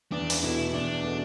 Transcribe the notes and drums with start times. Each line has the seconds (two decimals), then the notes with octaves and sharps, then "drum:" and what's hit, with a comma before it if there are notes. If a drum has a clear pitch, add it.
0.12 E2 D4
0.30 drum: open hi-hat
0.43 B2 A3 E4
0.73 E2 D4
1.04 B2 A3